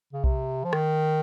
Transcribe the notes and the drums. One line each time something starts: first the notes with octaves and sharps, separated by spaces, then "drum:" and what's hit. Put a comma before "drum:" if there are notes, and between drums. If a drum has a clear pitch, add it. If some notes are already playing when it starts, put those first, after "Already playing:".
C#3
C3, drum: kick B1
F3
D#3, drum: rim click